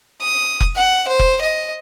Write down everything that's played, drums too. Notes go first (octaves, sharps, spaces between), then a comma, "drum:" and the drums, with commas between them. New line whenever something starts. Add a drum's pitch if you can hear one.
D#6
drum: kick F1
F#5
C5
drum: kick F1
D#5